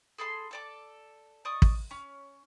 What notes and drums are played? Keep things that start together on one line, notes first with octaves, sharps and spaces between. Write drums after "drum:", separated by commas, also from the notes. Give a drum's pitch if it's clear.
G#4 A4 B5 C6
A4 D5 D6
D5 D#5 C#6 D#6
drum: kick
C#4